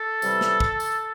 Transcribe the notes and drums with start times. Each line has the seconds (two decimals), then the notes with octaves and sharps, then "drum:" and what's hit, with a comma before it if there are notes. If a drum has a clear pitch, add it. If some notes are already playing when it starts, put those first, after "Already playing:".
Already playing: A4
0.22 C3 E3 G3, drum: tambourine
0.41 drum: snare
0.60 drum: kick
0.80 drum: tambourine